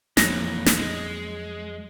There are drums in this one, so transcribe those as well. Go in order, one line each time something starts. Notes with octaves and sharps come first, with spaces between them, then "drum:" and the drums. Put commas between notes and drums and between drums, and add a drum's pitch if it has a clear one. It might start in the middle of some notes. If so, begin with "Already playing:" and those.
F2 A#2 E3 F#3 A#6, drum: snare
drum: snare
G#3